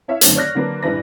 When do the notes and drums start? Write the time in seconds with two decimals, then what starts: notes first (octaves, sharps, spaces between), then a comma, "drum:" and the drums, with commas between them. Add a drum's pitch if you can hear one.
0.08 E4 C#5 E5 F5
0.21 F#2 D3 D#3 A3 C4 C#4, drum: hi-hat
0.35 C#5 D5 F6 F#6 A#6
0.55 D3 F#3 A#3 D4 B4
0.83 A#1 G2 E3 E4 B4 A#6